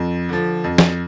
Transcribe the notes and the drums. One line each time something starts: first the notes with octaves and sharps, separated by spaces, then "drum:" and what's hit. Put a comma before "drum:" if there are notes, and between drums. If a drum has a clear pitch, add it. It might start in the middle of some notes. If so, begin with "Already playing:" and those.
Already playing: F2
D3 F3
F2
drum: snare